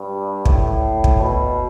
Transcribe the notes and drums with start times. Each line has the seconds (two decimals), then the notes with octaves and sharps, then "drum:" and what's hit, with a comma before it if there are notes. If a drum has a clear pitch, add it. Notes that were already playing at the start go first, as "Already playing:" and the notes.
Already playing: G2
0.45 A2, drum: kick
1.04 drum: kick
1.21 B2